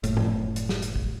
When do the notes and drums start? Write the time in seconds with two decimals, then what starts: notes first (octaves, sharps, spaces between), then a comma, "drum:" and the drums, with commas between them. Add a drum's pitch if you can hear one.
0.04 F#1 A2, drum: hi-hat
0.17 drum: tom G#2
0.56 drum: hi-hat
0.69 drum: snare
0.82 drum: hi-hat
0.96 drum: kick